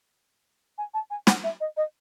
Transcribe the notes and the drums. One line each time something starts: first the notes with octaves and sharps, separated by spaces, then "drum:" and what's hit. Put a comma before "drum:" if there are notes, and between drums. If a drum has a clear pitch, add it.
G#5
A5
G#5
F#5, drum: snare
E5
D#5
D#5